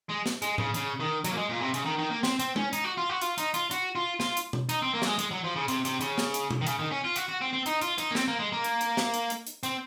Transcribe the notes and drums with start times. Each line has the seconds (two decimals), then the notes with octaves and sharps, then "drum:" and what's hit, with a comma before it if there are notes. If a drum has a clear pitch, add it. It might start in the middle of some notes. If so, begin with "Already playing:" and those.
0.09 G#3
0.26 drum: snare
0.42 G#3, drum: hi-hat
0.58 C#3, drum: tom A2
0.74 C#3, drum: hi-hat
1.00 D#3
1.24 F#3, drum: hi-hat
1.31 A#3
1.37 G#3
1.49 A#2
1.61 C3
1.74 C#3, drum: hi-hat
1.86 D#3
1.99 D#3
2.10 A#3
2.23 C4, drum: snare
2.39 C4, drum: hi-hat
2.56 C#4, drum: tom G#3
2.73 D#4, drum: hi-hat
2.84 F#4
2.97 F4
3.09 F#4
3.21 F4, drum: hi-hat
3.38 D#4, drum: hi-hat
3.54 F4, drum: hi-hat
3.71 F#4, drum: hi-hat
3.95 F4
4.20 F4, drum: snare
4.37 drum: hi-hat
4.53 drum: tom B2
4.69 D#4, drum: hi-hat
4.82 C4
4.94 A#3
5.02 F#3, drum: snare
5.06 G#3
5.19 G#3, drum: hi-hat
5.31 F#3
5.44 F3
5.56 C#3
5.68 C3, drum: hi-hat
5.85 C3, drum: hi-hat
6.01 C#3, drum: hi-hat
6.18 drum: snare
6.34 drum: hi-hat
6.51 drum: tom B2
6.61 D#3
6.67 C#3, drum: hi-hat
6.79 D#3
6.91 C#4
7.04 F4
7.16 F#4, drum: hi-hat
7.28 F#4
7.41 C4
7.53 C4
7.66 D#4, drum: hi-hat
7.82 F4, drum: hi-hat
7.98 D#4, drum: hi-hat
8.11 A#3
8.15 C4, drum: snare
8.28 A#3
8.39 G#3
8.52 A#3
8.64 drum: hi-hat
8.81 drum: hi-hat
8.97 drum: snare
9.14 drum: hi-hat
9.30 drum: hi-hat
9.47 drum: hi-hat
9.63 C4, drum: hi-hat